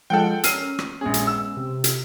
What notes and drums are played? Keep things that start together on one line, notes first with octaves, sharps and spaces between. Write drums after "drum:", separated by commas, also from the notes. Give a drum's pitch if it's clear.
F3 G#3 F4 A4 F#5 G5
C#4 A#4 E6 F6 C7 D#7, drum: hi-hat
drum: rim click
A#1 G#3 B3 C#4 G#4
drum: hi-hat
E6
C3
drum: hi-hat